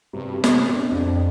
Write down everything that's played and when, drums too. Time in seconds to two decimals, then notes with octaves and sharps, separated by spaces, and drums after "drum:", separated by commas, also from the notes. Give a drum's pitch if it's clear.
0.13 G2 C3
0.34 C3
0.44 drum: snare
0.53 C3
0.72 D4
0.92 F2 D4